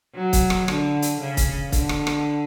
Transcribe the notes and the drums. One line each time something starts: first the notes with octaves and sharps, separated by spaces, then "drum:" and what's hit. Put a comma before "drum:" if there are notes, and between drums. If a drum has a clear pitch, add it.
F#3
drum: kick C#1, hi-hat
drum: rim click
D3, drum: rim click
drum: hi-hat
C#3
drum: kick C#1, hi-hat
D3, drum: kick C#1, hi-hat
drum: rim click
drum: rim click